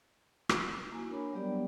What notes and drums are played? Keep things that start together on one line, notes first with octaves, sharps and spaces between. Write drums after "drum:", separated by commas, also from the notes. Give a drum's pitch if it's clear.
drum: rim click
A#3 E4 F#4 G#5
D4 A#4 C#5 B5
F#3 G3 B3 G4 D5 G5